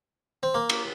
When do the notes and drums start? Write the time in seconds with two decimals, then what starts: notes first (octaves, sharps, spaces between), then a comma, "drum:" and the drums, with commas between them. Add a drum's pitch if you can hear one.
0.43 C4
0.54 A#3
0.69 drum: cymbal